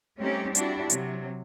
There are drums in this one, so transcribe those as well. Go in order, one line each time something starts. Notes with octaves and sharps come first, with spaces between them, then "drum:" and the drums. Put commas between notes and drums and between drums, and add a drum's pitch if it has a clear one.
G3 A3 C4 C#4 D#4 G4
D4 E4 F#4 G4, drum: hi-hat
C3 F#3, drum: hi-hat